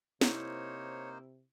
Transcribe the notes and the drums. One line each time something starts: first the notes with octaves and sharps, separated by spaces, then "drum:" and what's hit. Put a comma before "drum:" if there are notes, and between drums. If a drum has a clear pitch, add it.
C3 A#3 D#4 E4 C5 C#5, drum: snare